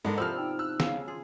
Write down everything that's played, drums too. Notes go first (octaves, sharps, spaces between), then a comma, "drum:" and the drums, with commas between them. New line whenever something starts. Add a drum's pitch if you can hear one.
G#2 B3 D4 A4 A#4
C3 F3 B3 C5 E6 F6
D#4 G5
E6 F#6
C#3 F5, drum: snare
F4 G#4